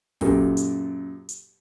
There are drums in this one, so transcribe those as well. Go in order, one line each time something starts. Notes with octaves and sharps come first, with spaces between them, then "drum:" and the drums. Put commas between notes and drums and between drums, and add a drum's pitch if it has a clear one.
F#2 A#2 G4 A4, drum: kick, open hi-hat
drum: hi-hat
drum: hi-hat